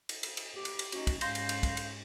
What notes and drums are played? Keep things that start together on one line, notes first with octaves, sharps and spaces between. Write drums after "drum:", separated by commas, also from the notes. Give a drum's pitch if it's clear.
drum: cymbal
drum: cymbal
drum: cymbal
G4
drum: cymbal
drum: cymbal
C#4 D#4 F#4, drum: cymbal
drum: kick, cymbal
G#2 C#4 F5 C6 G6 A#6, drum: cymbal
drum: cymbal
drum: cymbal
drum: kick, cymbal
drum: cymbal